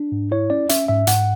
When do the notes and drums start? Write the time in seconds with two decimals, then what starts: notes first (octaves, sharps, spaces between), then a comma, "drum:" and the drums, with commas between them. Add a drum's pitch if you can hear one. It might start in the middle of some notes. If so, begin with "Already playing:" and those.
Already playing: D4
0.12 G#2
0.31 E4 C#5
0.50 C#4 D5
0.69 C#4 E5, drum: hi-hat
0.88 G#2 E5
1.07 G#2 F#5, drum: hi-hat